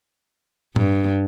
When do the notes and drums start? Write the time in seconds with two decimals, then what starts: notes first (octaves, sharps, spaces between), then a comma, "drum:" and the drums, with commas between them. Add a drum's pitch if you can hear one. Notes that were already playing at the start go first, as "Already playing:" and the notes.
0.76 G2, drum: tom A2